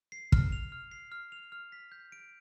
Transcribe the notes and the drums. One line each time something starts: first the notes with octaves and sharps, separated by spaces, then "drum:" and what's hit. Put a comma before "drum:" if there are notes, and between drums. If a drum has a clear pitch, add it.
C7
F6, drum: kick
F7
F6
C7
F6
F7
F6
B6
G6
D7